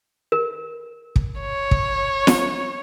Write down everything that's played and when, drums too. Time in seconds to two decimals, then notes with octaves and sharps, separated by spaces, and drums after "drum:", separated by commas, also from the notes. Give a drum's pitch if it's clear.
0.32 A#4
1.16 drum: kick
1.41 C#5
1.71 drum: kick
2.27 drum: snare